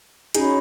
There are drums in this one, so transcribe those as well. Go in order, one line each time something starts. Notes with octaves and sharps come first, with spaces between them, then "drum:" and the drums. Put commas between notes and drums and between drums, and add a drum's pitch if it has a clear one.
C#4 D#4 F#4 G#4 C#5 B5, drum: hi-hat